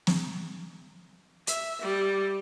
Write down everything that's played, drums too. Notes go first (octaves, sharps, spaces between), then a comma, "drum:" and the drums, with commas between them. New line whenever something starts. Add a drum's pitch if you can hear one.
drum: snare
E5, drum: hi-hat
G3